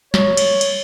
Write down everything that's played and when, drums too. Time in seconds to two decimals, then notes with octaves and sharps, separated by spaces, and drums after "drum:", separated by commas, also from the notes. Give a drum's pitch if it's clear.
0.14 C#5, drum: snare
0.37 drum: cymbal
0.61 drum: cymbal